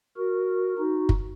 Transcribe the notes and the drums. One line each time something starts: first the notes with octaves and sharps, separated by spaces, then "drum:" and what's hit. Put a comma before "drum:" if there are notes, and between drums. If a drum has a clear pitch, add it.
F#4 A#4
D#4 F#4
drum: kick